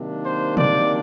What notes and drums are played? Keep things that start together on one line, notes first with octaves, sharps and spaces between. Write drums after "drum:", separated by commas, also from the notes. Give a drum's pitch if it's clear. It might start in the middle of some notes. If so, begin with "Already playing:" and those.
Already playing: C3 D#3 F#3 A#3 D4
C5
D5, drum: tom